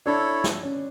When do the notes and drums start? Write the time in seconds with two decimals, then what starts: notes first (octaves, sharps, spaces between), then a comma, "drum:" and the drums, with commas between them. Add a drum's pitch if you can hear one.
0.06 D4 E4 A4 C#5
0.44 drum: snare
0.63 C#4